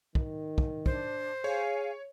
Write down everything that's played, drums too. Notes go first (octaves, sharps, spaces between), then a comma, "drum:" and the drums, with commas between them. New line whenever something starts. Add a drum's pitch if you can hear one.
D#3, drum: kick
drum: kick
D4 C5, drum: kick
G#4 C#5 F5 G#5